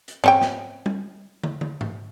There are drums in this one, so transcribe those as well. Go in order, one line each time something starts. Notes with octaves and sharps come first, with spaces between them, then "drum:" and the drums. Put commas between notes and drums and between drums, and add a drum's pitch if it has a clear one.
drum: hi-hat
C4 C#4 G5, drum: tom G#2
drum: snare
drum: tom G3
drum: tom
drum: tom
drum: tom G#2